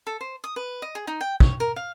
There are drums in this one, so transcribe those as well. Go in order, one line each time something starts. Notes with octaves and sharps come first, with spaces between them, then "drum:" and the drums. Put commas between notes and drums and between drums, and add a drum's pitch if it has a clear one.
A4
C5
D#6
B4
D#5
G#4
D#4
G5
C#5, drum: kick
A#4
F5